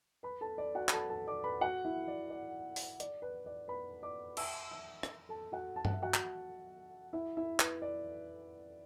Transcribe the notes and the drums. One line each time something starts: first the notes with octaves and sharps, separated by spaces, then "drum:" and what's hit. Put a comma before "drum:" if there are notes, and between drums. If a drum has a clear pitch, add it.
B4 B5
A4 A5
D5
F#4 F#5
B5, drum: clap
A4 A5
A4 A5
D5 D6
B4 B5
F#4 F#5
E4 E5
D5
D5
drum: open hi-hat
D5, drum: hi-hat
B4
D5
B4 B5
D5 D6
E5 E6, drum: cymbal
E5 E6
drum: rim click
A4 A5
F#4 F#5
A5
F#5, drum: tom G2
E5
F#4 F#5
drum: clap
E4 E5
E4 E5
B4, drum: clap
D5